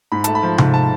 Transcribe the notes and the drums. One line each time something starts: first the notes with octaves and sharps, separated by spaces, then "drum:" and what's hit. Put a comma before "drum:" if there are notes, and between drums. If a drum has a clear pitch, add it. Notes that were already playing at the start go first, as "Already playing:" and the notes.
G#2 B5
A3 A5, drum: hi-hat
B5
F3
G#2, drum: tom C3
A5